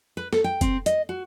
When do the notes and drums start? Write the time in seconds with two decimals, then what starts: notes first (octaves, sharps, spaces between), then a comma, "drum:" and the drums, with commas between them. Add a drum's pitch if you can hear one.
0.17 B4
0.33 A4, drum: snare
0.44 G5
0.61 C4, drum: kick F1, hi-hat
0.86 D#5, drum: hi-hat
1.09 F#4